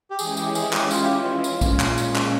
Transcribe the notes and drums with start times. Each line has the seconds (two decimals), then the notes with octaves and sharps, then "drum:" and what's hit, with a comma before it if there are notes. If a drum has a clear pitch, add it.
0.10 G4
0.19 E3 G#3 C#4 E4 G#4, drum: tambourine
0.37 G4, drum: tambourine
0.55 G#4, drum: tambourine
0.73 G4, drum: clap
0.91 F4, drum: tambourine
1.04 G4
1.18 F4
1.44 drum: tambourine
1.61 A#2 G#3 C#4 F4, drum: kick, tambourine
1.80 drum: clap
1.98 drum: tambourine
2.16 drum: clap